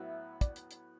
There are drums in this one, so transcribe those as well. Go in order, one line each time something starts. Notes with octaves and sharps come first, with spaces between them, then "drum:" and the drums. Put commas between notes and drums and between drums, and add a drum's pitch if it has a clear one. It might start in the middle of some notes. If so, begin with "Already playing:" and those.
Already playing: A2 F#3 B3 E5
D5, drum: kick, hi-hat
drum: hi-hat
drum: hi-hat